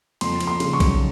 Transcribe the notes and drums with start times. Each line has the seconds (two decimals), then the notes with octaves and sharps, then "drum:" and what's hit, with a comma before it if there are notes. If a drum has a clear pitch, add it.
0.21 F2 C6, drum: cymbal
0.41 F2, drum: cymbal
0.47 C6
0.60 C#3, drum: cymbal
0.73 C#6
0.80 F#3, drum: kick, cymbal